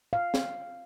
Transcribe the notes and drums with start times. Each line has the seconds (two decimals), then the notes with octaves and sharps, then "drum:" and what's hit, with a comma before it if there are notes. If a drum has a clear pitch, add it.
0.13 F5
0.34 drum: snare